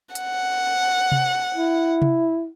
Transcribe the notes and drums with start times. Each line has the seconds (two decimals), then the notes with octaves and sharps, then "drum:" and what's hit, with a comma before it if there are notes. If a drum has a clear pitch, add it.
0.15 F#5, drum: hi-hat
1.12 drum: tom C3
1.55 E4
2.02 drum: tom C3